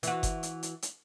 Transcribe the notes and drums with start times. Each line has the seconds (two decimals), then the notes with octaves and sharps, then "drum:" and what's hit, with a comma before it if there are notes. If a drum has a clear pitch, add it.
0.03 E3 F#4, drum: hi-hat
0.23 drum: kick F#1, hi-hat
0.43 drum: hi-hat
0.63 drum: hi-hat
0.82 drum: hi-hat